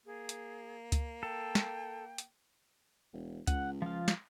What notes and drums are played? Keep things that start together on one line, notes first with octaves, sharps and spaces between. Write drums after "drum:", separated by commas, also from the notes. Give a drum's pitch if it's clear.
A#3 G#4
drum: hi-hat
drum: kick C#2, hi-hat
A4 G5
drum: snare
drum: hi-hat
E1
C#2 F#5, drum: kick C#2, hi-hat
F3 F4
drum: snare